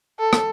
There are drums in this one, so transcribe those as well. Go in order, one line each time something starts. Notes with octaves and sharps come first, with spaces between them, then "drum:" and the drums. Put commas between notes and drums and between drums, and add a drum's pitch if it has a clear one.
A4
drum: rim click